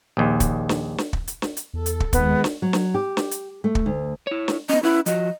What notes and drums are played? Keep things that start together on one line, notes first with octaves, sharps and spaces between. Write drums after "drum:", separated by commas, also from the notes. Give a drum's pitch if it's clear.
A#1 D#2
drum: kick, hi-hat
drum: snare
drum: snare
drum: kick
drum: hi-hat
drum: snare
drum: hi-hat
E2 A4
drum: hi-hat
drum: kick
D#2 D#3 G#3 B3, drum: kick, hi-hat
drum: snare
F#3
drum: snare
G4
drum: snare
drum: hi-hat
A3
drum: kick
D2
E4 C#5
drum: snare
B3 C#4 D#5
C#4 E4 B4 F#5
F3 F#4 D#5, drum: hi-hat